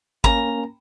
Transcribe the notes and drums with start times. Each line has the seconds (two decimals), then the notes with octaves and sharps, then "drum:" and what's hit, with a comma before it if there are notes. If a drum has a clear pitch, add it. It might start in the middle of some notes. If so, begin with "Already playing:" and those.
0.24 A#3 C#4 A#4 A#5, drum: kick